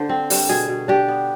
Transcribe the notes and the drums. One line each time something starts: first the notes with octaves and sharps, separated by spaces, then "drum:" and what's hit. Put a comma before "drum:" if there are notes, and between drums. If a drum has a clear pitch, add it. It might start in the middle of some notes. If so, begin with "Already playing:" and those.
Already playing: D3 C5
C4
G3, drum: open hi-hat
B2 G#4
B2
D4 G4
B3